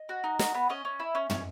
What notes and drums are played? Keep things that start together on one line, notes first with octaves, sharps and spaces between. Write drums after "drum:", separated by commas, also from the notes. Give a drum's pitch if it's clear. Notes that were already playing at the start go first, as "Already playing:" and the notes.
Already playing: D#5
F#4
D#4
F#4, drum: snare
B3
C#4 D#5
C#4
E4
C#4
C#4, drum: tom